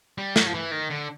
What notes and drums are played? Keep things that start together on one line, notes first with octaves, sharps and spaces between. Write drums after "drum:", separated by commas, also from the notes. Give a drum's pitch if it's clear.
G3
F#3, drum: snare
F3
E3
D#3
D3